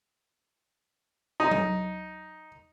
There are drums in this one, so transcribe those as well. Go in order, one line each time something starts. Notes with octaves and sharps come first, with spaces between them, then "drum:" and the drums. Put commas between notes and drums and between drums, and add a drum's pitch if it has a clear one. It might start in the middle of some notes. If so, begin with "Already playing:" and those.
D#4
drum: tom F#3